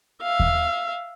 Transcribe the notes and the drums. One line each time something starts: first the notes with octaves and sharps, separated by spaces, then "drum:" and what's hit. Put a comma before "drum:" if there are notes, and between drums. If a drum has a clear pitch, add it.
E5 F5
drum: kick D#2